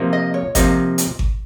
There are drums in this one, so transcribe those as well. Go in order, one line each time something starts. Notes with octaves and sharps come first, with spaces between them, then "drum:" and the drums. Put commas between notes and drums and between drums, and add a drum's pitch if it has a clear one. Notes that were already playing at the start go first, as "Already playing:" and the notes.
Already playing: C3 F3 A#3 D#4
D#5
C#5
C3 F3 A#3 D#4 D#5, drum: kick G#1, hi-hat
drum: hi-hat
drum: kick G#1